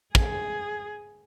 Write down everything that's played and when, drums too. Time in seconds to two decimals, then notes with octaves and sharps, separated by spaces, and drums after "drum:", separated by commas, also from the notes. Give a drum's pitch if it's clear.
0.15 G#4, drum: kick